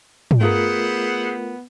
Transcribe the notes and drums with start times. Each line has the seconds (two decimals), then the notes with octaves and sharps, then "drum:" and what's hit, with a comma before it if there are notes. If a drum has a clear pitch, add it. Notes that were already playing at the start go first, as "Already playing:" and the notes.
0.31 drum: tom
0.41 A3 B3 E4 F4 G#4 A#4 C5 F#5